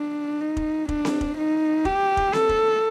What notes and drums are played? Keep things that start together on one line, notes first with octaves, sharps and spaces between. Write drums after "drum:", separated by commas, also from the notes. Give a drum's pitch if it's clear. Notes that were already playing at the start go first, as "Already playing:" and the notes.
Already playing: D4
D#4
drum: kick
D4, drum: kick
drum: snare C4
drum: kick
D#4
G4, drum: kick
drum: kick
A4, drum: snare C4
drum: kick